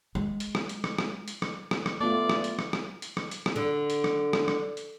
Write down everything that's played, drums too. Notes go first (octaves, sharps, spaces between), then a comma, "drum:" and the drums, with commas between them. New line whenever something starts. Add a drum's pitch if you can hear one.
G#3
drum: hi-hat
drum: rim click
drum: hi-hat
drum: rim click
drum: rim click
drum: hi-hat
drum: rim click
drum: rim click
drum: rim click
A3 B3 F4 D5
drum: rim click
drum: hi-hat
drum: rim click
drum: rim click
drum: hi-hat
drum: rim click
drum: hi-hat
drum: rim click
D3
drum: hi-hat
drum: rim click
drum: rim click
drum: rim click
drum: hi-hat